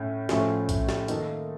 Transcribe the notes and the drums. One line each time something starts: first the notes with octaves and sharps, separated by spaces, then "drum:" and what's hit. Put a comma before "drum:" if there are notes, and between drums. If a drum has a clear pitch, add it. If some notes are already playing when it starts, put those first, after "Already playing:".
Already playing: A2 C#4
A2 F3 A3 C#4, drum: snare
drum: kick A#1, hi-hat
drum: snare
D#3 A#3 D#4 A4, drum: hi-hat